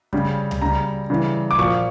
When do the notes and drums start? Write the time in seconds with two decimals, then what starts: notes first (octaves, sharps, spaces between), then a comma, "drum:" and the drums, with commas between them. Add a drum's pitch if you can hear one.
0.13 C#3 G3, drum: kick F#2
0.51 drum: tom C#2
0.62 C#3 G3 A#5
1.10 C#3 E3 G3
1.51 D6
1.58 A#2 F3 C#6, drum: kick F#2